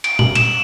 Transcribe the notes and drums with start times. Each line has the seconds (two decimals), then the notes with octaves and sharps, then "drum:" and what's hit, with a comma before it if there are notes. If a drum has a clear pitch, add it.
0.04 D7, drum: cymbal
0.19 F#7, drum: tom A#2
0.35 E7, drum: cymbal